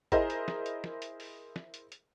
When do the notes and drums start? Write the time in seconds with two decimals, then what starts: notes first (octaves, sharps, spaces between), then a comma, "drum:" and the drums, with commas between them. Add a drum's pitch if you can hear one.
0.12 E4 G#4 A#4 C5 D#5, drum: kick G#1, hi-hat
0.30 drum: hi-hat
0.48 drum: snare
0.66 drum: hi-hat
0.84 drum: snare
1.02 drum: hi-hat
1.20 drum: open hi-hat
1.56 drum: snare
1.74 drum: hi-hat
1.92 drum: hi-hat